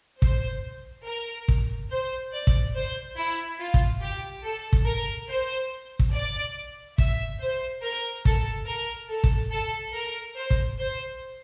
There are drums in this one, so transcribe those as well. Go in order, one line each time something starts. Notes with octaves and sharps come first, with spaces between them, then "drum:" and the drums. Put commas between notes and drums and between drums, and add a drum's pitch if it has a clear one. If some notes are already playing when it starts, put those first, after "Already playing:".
C5, drum: kick
A#4
drum: kick
C5
D5
drum: kick
C5
E4
F4
drum: kick
G4
A4
drum: kick
A#4
C5
drum: kick
D5
E5, drum: kick
C5
A#4
A4, drum: kick
A#4
A4
drum: kick
A4
A#4
C5
drum: kick
C5